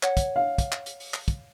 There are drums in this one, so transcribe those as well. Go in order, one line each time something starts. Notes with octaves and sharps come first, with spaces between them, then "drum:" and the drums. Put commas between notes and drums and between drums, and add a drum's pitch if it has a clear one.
C#5 F#5, drum: clap
drum: kick, hi-hat
F5
drum: kick, hi-hat
drum: clap
drum: hi-hat
drum: open hi-hat
drum: clap
drum: kick, hi-hat